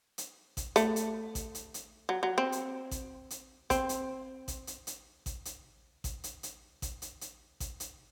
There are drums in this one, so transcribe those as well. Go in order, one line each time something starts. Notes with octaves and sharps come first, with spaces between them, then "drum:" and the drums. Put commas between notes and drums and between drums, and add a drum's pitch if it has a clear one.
drum: hi-hat
drum: kick A1, hi-hat
A3, drum: hi-hat
drum: hi-hat
drum: kick A1, hi-hat
drum: hi-hat
drum: hi-hat
F#3
F#3
C4
drum: hi-hat
drum: kick A1, hi-hat
drum: hi-hat
C4, drum: kick A1, hi-hat
drum: hi-hat
drum: kick A1, hi-hat
drum: hi-hat
drum: hi-hat
drum: kick A1, hi-hat
drum: hi-hat
drum: kick A1, hi-hat
drum: hi-hat
drum: hi-hat
drum: kick A1, hi-hat
drum: hi-hat
drum: hi-hat
drum: kick A1, hi-hat
drum: hi-hat